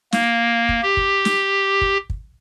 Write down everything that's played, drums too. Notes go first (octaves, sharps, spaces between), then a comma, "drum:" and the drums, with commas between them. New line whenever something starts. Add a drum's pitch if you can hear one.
A#3, drum: snare
drum: kick
G4
drum: kick
drum: snare
drum: kick
drum: kick